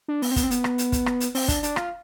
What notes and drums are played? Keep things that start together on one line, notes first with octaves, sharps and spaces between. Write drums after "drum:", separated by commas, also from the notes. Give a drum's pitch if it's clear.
D4
B3, drum: open hi-hat
C4
B3, drum: kick, hi-hat
C4
B3, drum: hi-hat
drum: rim click
drum: hi-hat
drum: kick, hi-hat
drum: rim click
drum: hi-hat
C4, drum: open hi-hat
D4, drum: kick, hi-hat
D4, drum: hi-hat
F4, drum: rim click